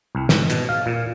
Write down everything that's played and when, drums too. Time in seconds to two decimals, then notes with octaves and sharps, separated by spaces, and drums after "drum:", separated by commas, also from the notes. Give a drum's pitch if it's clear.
0.15 C2
0.29 G#2, drum: snare
0.50 B2, drum: hi-hat
0.69 F5
0.86 A#2